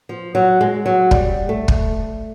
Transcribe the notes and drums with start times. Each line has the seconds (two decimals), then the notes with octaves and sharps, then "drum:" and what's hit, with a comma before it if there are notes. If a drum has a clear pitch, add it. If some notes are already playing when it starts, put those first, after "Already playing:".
0.09 F3
0.35 F#3
0.61 G#3
0.86 F#3
1.11 G3, drum: kick
1.49 A3
1.68 drum: kick